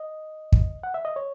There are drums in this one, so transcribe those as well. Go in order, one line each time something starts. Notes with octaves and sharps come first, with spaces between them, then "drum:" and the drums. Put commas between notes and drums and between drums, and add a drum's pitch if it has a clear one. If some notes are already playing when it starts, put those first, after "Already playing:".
Already playing: D#5
drum: kick
F#5
E5
D#5
C#5